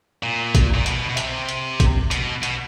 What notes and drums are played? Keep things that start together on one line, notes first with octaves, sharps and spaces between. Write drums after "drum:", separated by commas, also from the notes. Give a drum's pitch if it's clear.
A#2
drum: kick, hi-hat
A#2
B2, drum: hi-hat
B2
C3, drum: hi-hat
drum: hi-hat
drum: kick, hi-hat
B2, drum: hi-hat
B2, drum: hi-hat